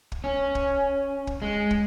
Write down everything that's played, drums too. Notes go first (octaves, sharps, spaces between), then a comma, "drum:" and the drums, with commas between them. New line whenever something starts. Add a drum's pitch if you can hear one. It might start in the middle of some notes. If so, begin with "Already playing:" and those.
drum: kick
C#4
drum: kick
drum: kick
G#3
drum: kick